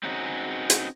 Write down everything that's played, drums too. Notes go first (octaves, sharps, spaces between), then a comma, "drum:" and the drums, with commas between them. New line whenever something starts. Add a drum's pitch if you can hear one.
C4 C#4 D#4 F#4 G#4
drum: hi-hat